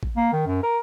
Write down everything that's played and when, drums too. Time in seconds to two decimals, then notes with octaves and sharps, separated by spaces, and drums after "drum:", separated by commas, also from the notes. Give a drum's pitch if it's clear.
0.03 drum: kick A1
0.16 A#3
0.33 D#3
0.47 F#2
0.63 A#4